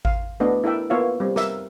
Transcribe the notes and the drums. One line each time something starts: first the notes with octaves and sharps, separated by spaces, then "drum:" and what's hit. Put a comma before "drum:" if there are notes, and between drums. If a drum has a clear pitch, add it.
F5, drum: kick G#1
A3 B3 D4 D#5
E4 A4 A#4 E5 G5
A#3 B3 F4 C#5 E5 F5
G3 C4
A#4 E5, drum: snare